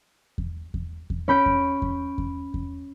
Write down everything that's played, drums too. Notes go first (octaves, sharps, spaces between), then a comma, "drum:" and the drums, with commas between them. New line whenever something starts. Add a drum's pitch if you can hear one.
drum: kick E2
drum: kick E2
drum: kick E2
C#4 B5 G6 D7
drum: kick E2
drum: kick E2
drum: kick E2
drum: kick E2